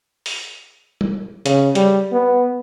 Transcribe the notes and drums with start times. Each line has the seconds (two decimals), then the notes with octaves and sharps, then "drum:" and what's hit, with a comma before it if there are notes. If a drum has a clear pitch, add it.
0.26 drum: open hi-hat
1.01 drum: tom G3
1.46 C#3, drum: hi-hat
1.75 G3, drum: hi-hat
2.12 B3